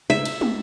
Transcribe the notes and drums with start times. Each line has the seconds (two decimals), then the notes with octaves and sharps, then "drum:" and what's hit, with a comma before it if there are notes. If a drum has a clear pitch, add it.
0.10 E5
0.25 drum: cymbal
0.41 drum: tom